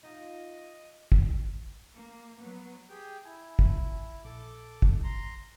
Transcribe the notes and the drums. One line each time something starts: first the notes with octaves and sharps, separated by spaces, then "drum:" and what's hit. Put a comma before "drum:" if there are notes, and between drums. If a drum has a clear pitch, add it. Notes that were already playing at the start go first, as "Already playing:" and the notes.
D#4 F4 D#5
drum: kick
A#3
F#3 B3
G4 G#4 G5
E4 G#5
drum: kick
A#1 A4 D6
drum: kick
A#5 C6